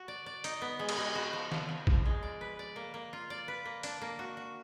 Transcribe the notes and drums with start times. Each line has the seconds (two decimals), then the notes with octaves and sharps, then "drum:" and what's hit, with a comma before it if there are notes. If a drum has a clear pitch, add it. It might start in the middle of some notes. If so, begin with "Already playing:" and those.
Already playing: F#4
0.08 D5
0.26 D5
0.44 D#4, drum: hi-hat
0.62 B3
0.79 G#3
0.89 drum: cymbal
0.98 G#3
1.15 F#4
1.33 F3
1.52 F3, drum: snare
1.69 F3
1.87 F3, drum: kick A1
2.06 G#3
2.23 D5
2.41 B4
2.59 D5
2.76 A#3
2.94 A#3
3.13 F4
3.30 D5
3.48 B4
3.65 A#3
3.83 D4, drum: hi-hat
4.02 A#3
4.19 F#4
4.37 F#4